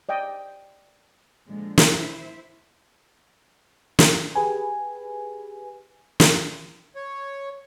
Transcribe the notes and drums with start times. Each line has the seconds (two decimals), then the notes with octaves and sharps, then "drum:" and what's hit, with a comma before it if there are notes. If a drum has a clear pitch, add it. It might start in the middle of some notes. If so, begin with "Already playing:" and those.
0.09 D5 D#5 G5
1.47 A#2 D3 F3 G#3
1.78 drum: snare
1.88 E4 C5 E5
3.99 drum: snare
4.35 G4 G#4 B4 G#5
6.20 drum: snare
6.96 C#5